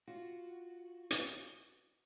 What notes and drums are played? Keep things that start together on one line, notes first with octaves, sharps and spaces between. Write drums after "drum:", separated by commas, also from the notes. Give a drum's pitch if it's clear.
F4 F#4
drum: hi-hat